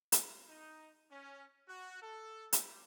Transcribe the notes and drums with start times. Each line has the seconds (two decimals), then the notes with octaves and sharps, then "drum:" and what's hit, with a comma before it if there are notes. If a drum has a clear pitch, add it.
0.12 drum: hi-hat
0.49 D#4
1.11 C#4
1.68 F#4
2.02 A4
2.53 G3, drum: hi-hat